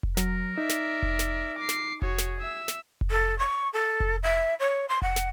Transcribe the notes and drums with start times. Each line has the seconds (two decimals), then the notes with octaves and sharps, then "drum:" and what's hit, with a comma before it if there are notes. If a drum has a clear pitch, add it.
0.03 drum: kick F1
0.17 F#3 A#4, drum: snare
0.58 D#4 D5 E5
0.69 drum: snare
1.02 drum: kick F1
1.19 drum: snare
1.58 D6 C7
1.69 drum: snare
2.02 F#4 G#4 C#5, drum: kick F1
2.18 drum: snare
2.40 E5 E6
2.68 drum: snare
3.01 drum: kick F1
3.10 A4
3.38 C#6
3.73 A4
4.00 drum: kick F1
4.23 E5
4.59 C#5
4.88 C6
5.02 F#5, drum: kick F1
5.16 drum: snare